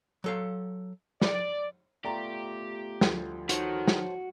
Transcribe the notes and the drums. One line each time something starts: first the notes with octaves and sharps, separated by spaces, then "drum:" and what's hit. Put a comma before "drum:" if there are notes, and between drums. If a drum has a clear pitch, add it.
F#3 A4 F5
D5, drum: snare
A3 B3 F4 G4 D5 A#5
D2 F3 G3, drum: snare
D#3 F#4 C5 C#5 A5, drum: hi-hat
drum: snare